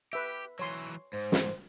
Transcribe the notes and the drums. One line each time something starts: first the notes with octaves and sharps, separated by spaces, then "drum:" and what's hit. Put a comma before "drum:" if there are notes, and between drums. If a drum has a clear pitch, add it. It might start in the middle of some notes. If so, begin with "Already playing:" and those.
G4 B4 E5
E3 F#3 C#5 C6
G#2 C5
drum: snare